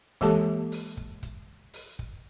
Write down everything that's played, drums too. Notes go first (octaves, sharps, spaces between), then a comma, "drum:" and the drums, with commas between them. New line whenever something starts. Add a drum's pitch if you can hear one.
E3 G#3 A#3 G4 A4 A5, drum: kick, hi-hat
drum: open hi-hat
drum: kick
drum: kick, hi-hat
drum: open hi-hat
drum: kick